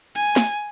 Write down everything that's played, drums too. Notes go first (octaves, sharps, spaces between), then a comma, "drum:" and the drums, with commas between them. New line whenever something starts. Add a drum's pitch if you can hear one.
G#5
drum: snare